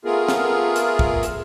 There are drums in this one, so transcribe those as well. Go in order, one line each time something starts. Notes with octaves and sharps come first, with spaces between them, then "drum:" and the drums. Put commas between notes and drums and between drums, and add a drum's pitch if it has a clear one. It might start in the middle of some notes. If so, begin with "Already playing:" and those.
A3 B3 F4 G#4 A#4
drum: snare
drum: hi-hat
drum: kick
drum: hi-hat